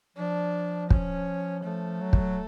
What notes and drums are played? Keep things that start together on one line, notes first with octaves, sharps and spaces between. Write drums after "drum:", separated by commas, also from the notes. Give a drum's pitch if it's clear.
F3 D4
C#4, drum: kick
F3 A3
F#3
drum: kick